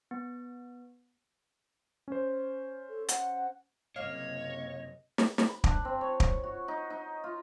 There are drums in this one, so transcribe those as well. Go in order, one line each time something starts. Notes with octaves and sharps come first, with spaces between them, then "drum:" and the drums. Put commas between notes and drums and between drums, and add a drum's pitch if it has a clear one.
B3
C#4 C5
A4
F#5, drum: hi-hat
F#1 C3 A#3 C#5 D#5 F5
drum: snare
drum: snare
B5
D4, drum: kick
C4
C#5
drum: kick
F#4
D#4
D#4
F4